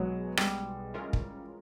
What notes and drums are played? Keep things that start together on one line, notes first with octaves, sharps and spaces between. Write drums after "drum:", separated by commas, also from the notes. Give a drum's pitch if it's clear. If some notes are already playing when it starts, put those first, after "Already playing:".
Already playing: B1 B2 F#3 G#3 B3
G3, drum: rim click
E3 G#3 C#4 F4 A#4
drum: kick